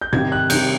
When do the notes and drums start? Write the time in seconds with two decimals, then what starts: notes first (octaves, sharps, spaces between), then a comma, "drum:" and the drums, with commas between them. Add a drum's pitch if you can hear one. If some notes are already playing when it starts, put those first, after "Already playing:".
0.01 G6
0.13 C3 D#3 G3 G#6, drum: tom G#2
0.32 F#6
0.50 C3 D#3 G3 G6, drum: cymbal